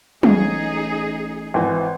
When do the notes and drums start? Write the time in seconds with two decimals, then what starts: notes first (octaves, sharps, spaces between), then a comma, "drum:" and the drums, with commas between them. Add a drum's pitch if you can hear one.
0.23 A1 D#4 G#4, drum: tom
1.54 G#1 E3